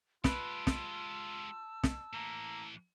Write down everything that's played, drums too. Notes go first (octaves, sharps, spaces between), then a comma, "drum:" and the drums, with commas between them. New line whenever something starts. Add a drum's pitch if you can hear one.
G#3 F4 G4 B4 A5 E6, drum: snare
drum: snare
drum: snare
A2 E3 A#3